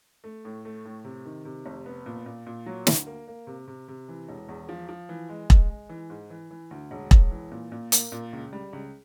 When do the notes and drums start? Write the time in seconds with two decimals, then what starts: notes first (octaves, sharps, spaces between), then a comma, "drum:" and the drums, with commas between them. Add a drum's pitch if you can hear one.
0.24 A3
0.45 A2
0.65 A3
0.85 A2
1.04 C3
1.25 D#3
1.45 C3
1.66 F1
1.86 B3
2.06 A#2
2.26 A#2
2.47 A#2
2.66 F#3
2.87 D2, drum: snare
3.07 A#3
3.28 A#3
3.47 C3
3.68 C3
3.88 C3
4.09 E3
4.29 E1
4.49 E2
4.69 F3
4.89 F3
5.09 E3
5.29 G#3
5.50 G#3, drum: kick E1
5.69 G#3
5.89 E3
6.10 G#2
6.30 E3
6.51 E3
6.71 D2
6.91 E1
7.11 E1, drum: kick E1
7.31 E3
7.52 A#2
7.72 A#2
7.92 A#3, drum: hi-hat
8.12 A#2
8.33 C#2
8.53 G3
8.73 C#2